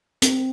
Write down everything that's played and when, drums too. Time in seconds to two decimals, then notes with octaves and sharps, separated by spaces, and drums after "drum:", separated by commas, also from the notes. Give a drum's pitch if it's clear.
0.22 C4, drum: hi-hat